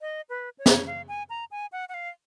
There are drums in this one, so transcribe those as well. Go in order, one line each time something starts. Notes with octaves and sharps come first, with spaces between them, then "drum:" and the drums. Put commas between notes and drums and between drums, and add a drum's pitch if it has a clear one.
D#5
B4
C#5
D#5, drum: snare
C#5
F5
G#5
A#5
G#5
F#5
F#5
F5